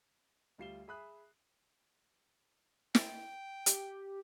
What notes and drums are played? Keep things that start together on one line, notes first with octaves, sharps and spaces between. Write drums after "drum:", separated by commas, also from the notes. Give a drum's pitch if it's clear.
D2 G3 F4 C7 E7 G7
G#4 E5 B5 D#6 F#6
G5, drum: snare
G4, drum: hi-hat